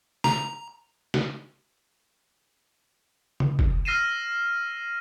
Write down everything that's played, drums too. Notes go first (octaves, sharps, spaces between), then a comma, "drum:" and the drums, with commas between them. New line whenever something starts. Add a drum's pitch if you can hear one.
A#5, drum: snare
drum: snare
drum: tom C#3
drum: kick
E6 F6 A#6 C7 D#7 E7